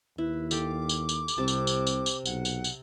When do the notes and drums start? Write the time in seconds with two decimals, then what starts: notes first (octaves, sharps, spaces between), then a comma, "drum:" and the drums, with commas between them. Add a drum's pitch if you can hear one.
0.18 D#2 E4 B4
0.51 G4 A4 F5 D6, drum: tambourine
0.89 drum: tambourine
1.09 drum: tambourine
1.28 drum: tambourine
1.38 C2 C3 A5
1.48 drum: tambourine
1.67 drum: tambourine
1.87 drum: tambourine
2.06 drum: tambourine
2.26 B1 F#5, drum: tambourine
2.45 drum: tambourine
2.64 drum: tambourine